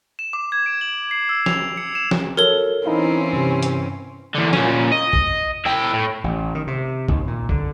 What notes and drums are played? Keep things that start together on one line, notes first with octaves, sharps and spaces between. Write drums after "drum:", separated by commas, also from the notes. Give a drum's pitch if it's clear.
E7
D6
G#6
D7
F#7
C7
E6
F7, drum: snare
C#7
E7
drum: snare
F#4 A4 A#4 C#5 G7
E3 C4 C#4 D#4 E4 F5
G2 C3
drum: hi-hat
E2 D3
A#2 C#4, drum: snare
D#5
drum: kick
E4 G5
A2
A1
D#3
C3
D#2, drum: kick
A#2
D3, drum: kick